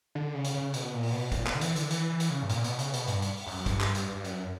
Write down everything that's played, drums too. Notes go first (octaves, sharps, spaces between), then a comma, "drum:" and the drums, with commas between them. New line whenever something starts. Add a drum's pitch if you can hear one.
D3
C#3
drum: hi-hat
C#3
B2, drum: hi-hat
A#2
drum: open hi-hat
B2
A#2, drum: kick, hi-hat
B2, drum: clap
D3
E3, drum: hi-hat
D3, drum: hi-hat
E3, drum: hi-hat
E3
drum: hi-hat
C#3
G2
A#2, drum: hi-hat
B2, drum: hi-hat
C#3, drum: hi-hat
B2, drum: hi-hat
G2, drum: hi-hat
drum: hi-hat
drum: open hi-hat
F#2
F#2
G2, drum: kick, hi-hat
drum: clap
G2, drum: hi-hat
G2
F#2, drum: hi-hat